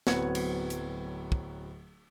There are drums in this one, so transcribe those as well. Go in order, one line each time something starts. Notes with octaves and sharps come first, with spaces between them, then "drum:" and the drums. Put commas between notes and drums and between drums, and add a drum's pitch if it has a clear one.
D1 F#3 B3 C4 G#6 C#7, drum: snare
drum: cymbal
drum: hi-hat
drum: kick